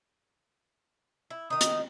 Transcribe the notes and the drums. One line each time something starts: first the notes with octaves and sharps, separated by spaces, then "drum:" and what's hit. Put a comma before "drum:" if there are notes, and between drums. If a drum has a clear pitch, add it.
E4
D#3 D#4 D#6
drum: hi-hat